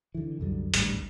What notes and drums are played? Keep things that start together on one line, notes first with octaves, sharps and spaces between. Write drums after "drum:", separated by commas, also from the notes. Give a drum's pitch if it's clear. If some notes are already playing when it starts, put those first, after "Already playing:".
D3 E3
C2 F#2 D3 G3
G#1 D2 A2 G3, drum: hi-hat